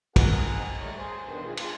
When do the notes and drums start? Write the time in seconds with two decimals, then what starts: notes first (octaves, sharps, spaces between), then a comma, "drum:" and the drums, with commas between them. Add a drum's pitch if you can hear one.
0.16 C4 D#4 G#4 A#4 F#5, drum: kick, cymbal
0.80 G3 A3 A#4 C#5
0.97 G#4 C5
1.24 E2 G2 B2 D#3 C5
1.45 G#3 F4 G#4
1.57 G#3 F4, drum: cymbal